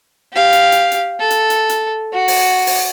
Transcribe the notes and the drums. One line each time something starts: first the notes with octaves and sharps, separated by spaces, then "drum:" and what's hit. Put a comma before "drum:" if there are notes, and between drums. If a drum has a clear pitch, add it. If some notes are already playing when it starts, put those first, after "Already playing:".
G4 F5
drum: hi-hat
drum: hi-hat
drum: hi-hat
A4
drum: hi-hat
drum: hi-hat
drum: hi-hat
F#4
drum: open hi-hat
drum: open hi-hat